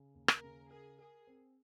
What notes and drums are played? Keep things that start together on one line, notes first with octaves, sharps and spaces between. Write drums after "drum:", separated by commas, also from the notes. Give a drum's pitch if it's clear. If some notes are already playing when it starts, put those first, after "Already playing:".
Already playing: C#3
D#2
A#4, drum: rim click
C#3
G#4 A#4
G#4 A#4
C4